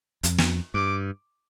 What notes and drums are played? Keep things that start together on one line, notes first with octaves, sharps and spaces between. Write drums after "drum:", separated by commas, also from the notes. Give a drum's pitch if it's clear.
F2, drum: hi-hat
drum: snare
G2 D6